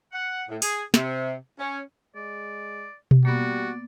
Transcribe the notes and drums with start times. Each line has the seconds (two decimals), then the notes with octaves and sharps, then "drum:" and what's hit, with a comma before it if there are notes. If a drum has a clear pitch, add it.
0.13 F#5
0.49 A2
0.62 G#4, drum: open hi-hat
0.94 C3, drum: snare
1.59 C#4
2.16 G#3 D5
3.11 drum: tom B2
3.25 G3 A#3 B3 F#4 D5